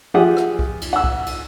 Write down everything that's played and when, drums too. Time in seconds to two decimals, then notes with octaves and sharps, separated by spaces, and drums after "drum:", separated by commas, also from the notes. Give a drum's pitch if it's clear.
0.14 F3 G4 G#4 E5 F#5 D#6
0.37 drum: rim click
0.59 drum: kick C2
0.81 drum: cymbal
0.93 F#5 E6
1.04 drum: kick C2
1.26 drum: cymbal